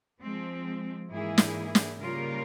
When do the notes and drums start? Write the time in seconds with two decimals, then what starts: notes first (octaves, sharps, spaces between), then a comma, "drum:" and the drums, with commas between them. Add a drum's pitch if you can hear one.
0.19 F3 G#3 C4
1.10 G#2 E3 A#3 E4 G#4
1.38 drum: snare
1.75 drum: snare
2.01 C#3 G3 A#3 F4 A#4